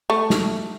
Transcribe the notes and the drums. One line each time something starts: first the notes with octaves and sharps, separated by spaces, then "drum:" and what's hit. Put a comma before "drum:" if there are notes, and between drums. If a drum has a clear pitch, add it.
A3
drum: snare